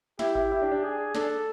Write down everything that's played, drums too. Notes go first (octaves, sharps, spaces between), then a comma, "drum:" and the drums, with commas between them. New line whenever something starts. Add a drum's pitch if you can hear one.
E4 G4, drum: snare
E4, drum: kick G#1
E4
D4
D4
G#4
D4 A4, drum: snare